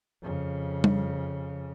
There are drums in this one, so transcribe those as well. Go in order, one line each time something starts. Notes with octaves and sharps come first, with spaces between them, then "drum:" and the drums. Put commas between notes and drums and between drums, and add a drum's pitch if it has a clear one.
F2 C#3
drum: tom G3